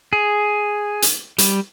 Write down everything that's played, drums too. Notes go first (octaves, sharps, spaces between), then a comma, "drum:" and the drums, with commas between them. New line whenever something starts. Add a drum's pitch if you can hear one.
G#4
drum: hi-hat
G3, drum: hi-hat